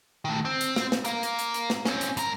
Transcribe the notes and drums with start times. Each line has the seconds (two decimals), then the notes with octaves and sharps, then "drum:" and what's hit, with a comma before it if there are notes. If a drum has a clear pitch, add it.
0.25 D#3 A3
0.45 C4
0.61 drum: hi-hat
0.76 drum: snare
0.92 drum: snare
1.05 A#4 F5, drum: hi-hat
1.23 drum: hi-hat
1.39 drum: hi-hat
1.54 drum: hi-hat
1.70 drum: snare
1.85 C4 C#4, drum: snare
2.01 drum: hi-hat
2.17 G2 A#4, drum: hi-hat